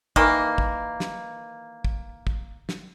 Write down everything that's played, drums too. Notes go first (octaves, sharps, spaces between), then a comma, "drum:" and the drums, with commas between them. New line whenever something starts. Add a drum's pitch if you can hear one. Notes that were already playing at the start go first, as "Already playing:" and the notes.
D#3 E3 A#3, drum: kick
drum: kick
drum: snare
drum: kick
drum: kick
drum: snare